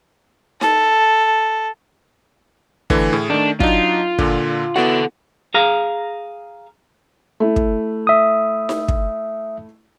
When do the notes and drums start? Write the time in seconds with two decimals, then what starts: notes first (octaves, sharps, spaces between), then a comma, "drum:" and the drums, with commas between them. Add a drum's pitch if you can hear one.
0.61 A4, drum: snare D#4
2.90 D3 E3 A3, drum: kick
3.13 A2 G#4
3.30 D#3 A3 D4
3.60 F#3 D4 D#4 F4, drum: kick
4.18 A#2 D3, drum: kick
4.76 B3 E4 F#4 A4 F#5
5.54 G#4 F5 A#5
7.40 A3 E4
7.56 drum: kick
8.07 E5 D#6
8.69 drum: snare D#4
8.88 drum: kick